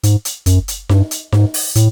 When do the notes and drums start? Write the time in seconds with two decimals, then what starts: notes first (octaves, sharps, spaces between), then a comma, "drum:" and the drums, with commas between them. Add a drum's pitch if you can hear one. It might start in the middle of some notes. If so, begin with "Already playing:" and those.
0.03 G#2, drum: hi-hat
0.25 drum: hi-hat
0.46 F#2, drum: kick, hi-hat
0.68 drum: hi-hat
0.89 G2, drum: snare D#4
1.11 drum: hi-hat
1.32 G#2, drum: snare D#4
1.54 drum: open hi-hat
1.75 A2, drum: hi-hat